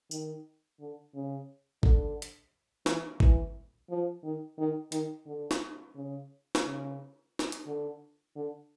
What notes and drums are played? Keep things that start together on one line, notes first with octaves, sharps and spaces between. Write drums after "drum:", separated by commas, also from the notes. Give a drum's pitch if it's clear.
D#3, drum: tambourine
D3
C#3
D3, drum: kick
drum: hi-hat
E3, drum: snare
E3, drum: kick
F3
D#3
D#3
D#3, drum: hi-hat
D3
drum: snare
C#3
drum: snare
C#3
drum: snare
drum: hi-hat
D3
D3